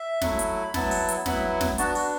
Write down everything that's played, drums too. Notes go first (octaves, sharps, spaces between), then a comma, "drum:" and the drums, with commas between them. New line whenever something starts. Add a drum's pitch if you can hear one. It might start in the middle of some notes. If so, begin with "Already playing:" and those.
Already playing: E5
F#3 A3 E4, drum: snare
drum: hi-hat
B5
F#3 B3 E4 A5, drum: snare
drum: open hi-hat
drum: hi-hat
F#3 B3 E4 B5, drum: snare
drum: snare
B3 D4 F#4 A5, drum: hi-hat
F#4, drum: open hi-hat